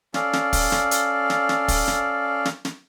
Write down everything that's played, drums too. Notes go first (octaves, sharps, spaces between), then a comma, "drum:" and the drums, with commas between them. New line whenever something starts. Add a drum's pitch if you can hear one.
C#4 A4 D5 F5, drum: snare
drum: snare
drum: kick, open hi-hat
drum: snare
drum: hi-hat
drum: snare
drum: snare
drum: kick, open hi-hat
drum: snare
drum: snare
drum: snare